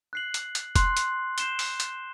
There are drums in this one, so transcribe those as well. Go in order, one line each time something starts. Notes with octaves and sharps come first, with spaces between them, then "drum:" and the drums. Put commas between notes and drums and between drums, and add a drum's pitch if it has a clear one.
F#6 C7 F#7
drum: hi-hat
drum: hi-hat
C6 F#6 C7 F#7, drum: kick F1, hi-hat
drum: hi-hat
G6 C7 E7 G7, drum: hi-hat
drum: open hi-hat
drum: hi-hat